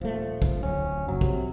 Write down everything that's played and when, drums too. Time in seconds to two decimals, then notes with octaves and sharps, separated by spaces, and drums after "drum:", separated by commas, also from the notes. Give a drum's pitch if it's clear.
0.01 D#1 F3 A3
0.42 drum: kick
0.63 D1 C#4
1.08 F#1 F#3
1.21 C3, drum: kick